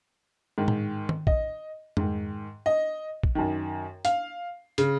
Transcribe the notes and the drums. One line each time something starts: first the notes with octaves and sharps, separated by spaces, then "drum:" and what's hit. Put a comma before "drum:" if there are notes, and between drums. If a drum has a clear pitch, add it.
G#2 D#3
drum: tom A2
drum: tom D#3
D#5, drum: kick A#1
G#2 D#3, drum: tom F2
D#5
drum: kick A#1
F#2 D#3
F5, drum: hi-hat
C#3, drum: hi-hat